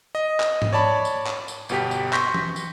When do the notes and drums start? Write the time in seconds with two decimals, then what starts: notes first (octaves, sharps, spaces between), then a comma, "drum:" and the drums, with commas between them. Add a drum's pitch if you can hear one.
0.15 D#5
0.40 drum: clap
0.62 drum: tom G#2
0.73 C#5 D5 A5 B5
1.05 drum: tambourine
1.27 drum: clap
1.48 drum: tambourine
1.69 G1 B2 G4 B6, drum: tambourine
1.91 drum: tambourine
2.13 C6 C#6 G6 A#6 B6, drum: clap
2.34 drum: tom E3
2.56 drum: tambourine